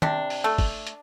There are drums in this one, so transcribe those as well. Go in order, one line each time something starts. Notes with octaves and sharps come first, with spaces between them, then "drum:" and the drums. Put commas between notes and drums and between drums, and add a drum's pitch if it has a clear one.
C3 D4, drum: tom
drum: open hi-hat
A3
drum: kick, open hi-hat
drum: hi-hat